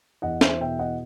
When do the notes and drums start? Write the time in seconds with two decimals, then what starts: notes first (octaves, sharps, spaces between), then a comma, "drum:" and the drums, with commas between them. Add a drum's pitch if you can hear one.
0.22 E2 D#5 F#5
0.41 C5 E5, drum: snare
0.60 B2 E5 G5
0.79 D#5 F#5